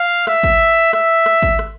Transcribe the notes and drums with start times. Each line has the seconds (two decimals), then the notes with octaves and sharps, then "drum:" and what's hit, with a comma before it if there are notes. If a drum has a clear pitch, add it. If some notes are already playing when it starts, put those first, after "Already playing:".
Already playing: F5
0.27 E5, drum: rim click
0.43 drum: kick G#1
0.93 E5, drum: rim click
1.26 drum: rim click
1.42 drum: kick G#1
1.59 drum: rim click